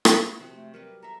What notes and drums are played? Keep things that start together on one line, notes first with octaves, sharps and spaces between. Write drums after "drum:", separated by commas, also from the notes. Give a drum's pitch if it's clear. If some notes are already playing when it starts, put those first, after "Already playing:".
drum: rim click
C3 F3 F#4
A3
F#3 G3 A#4 B4
A4 E5 A#5